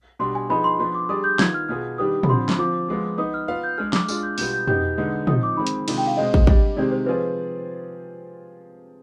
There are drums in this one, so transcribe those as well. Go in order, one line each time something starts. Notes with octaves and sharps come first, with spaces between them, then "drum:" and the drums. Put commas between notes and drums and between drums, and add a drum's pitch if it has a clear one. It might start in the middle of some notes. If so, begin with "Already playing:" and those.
B2 G3 D4 C6
G#5
F3 B3 D#4 G#4 B5
C6
F3 B3 D4 C6
D6
G3 D4 G#4 D5 D#6
G6
D#3 B3 F4 G#6, drum: snare
F6
B2 B3 F4 G#4 F6
D#3 G3 D4 G4 B4 D#6
B5, drum: tom
D3 F3 C4 C6
drum: snare
F3 C4 F4 D6
F3 G#3 B3 F4
B3 D#4 B4 D#6
F6
B3 F4 B4 F5 F6
G6
G#3 D4 G#4 F6
D6, drum: snare
G#3 D4 F4 F6, drum: tambourine
G6
B2 G3 B3 F4 G6, drum: open hi-hat
G6
B2 B3 D#4 G4 G6, drum: tom
D3 G#3 B3 D#4
F3 C4 D#4 D#6, drum: tom
D6
D#3 G#3 C4 B5
drum: hi-hat
C3 D#3 G#3 D4 F4, drum: cymbal
G5
F5
B2 G#3 C4 D#5
drum: kick
G3 D4 G4 D5, drum: kick
C3 D#3 G#3 C4 G4 D5
C5
F3 C4 F4 G#4 B4 D5